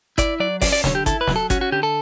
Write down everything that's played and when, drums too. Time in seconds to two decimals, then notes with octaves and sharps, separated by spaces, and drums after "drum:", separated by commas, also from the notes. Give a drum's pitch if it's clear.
0.18 E4 D5, drum: kick G1, hi-hat
0.40 F#3 D5
0.62 C#4 D5, drum: kick G1, open hi-hat
0.73 D5
0.84 D3 C#5, drum: snare
0.95 G4
1.06 E4 A4, drum: kick G1, hi-hat
1.21 B4
1.27 F#3, drum: snare
1.36 A4
1.50 C#4 F#4, drum: kick G1, hi-hat
1.61 F#4
1.72 D3 G4
1.83 A4